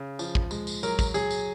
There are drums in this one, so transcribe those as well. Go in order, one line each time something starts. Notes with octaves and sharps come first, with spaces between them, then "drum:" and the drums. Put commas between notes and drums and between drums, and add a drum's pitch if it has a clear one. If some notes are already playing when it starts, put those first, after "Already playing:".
Already playing: C#3
F3, drum: tambourine
drum: kick
G#3, drum: tambourine
drum: tambourine
F#3 A#4, drum: tambourine
drum: kick, tambourine
F#3 G#4, drum: tambourine
drum: tambourine